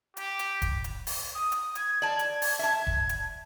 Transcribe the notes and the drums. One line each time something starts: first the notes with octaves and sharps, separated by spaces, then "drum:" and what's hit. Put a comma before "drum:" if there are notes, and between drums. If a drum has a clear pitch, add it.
G4, drum: hi-hat
drum: hi-hat
drum: kick E1, hi-hat
drum: hi-hat
drum: open hi-hat
D#6
drum: hi-hat
G#6, drum: hi-hat
D5 A5 G#6
drum: hi-hat
drum: open hi-hat
E5 A5
drum: kick E1
drum: hi-hat